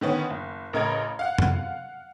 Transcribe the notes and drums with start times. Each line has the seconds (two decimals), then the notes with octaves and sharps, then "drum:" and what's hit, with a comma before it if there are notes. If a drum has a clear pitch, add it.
0.01 D3 D#3 B3 C#4
0.30 F#1
0.73 A1 C#3 A#4 D#5 A#5 G#6
1.19 F5 F#5
1.38 drum: tom F2